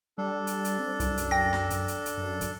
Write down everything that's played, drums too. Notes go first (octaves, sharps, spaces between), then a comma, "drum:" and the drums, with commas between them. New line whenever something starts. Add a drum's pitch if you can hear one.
G3 D4 A4
drum: hi-hat
drum: hi-hat
C4
C2 F#2, drum: kick, hi-hat
drum: hi-hat
G5 A#6
drum: snare
drum: kick, hi-hat
drum: hi-hat
drum: hi-hat
F#2
drum: kick, hi-hat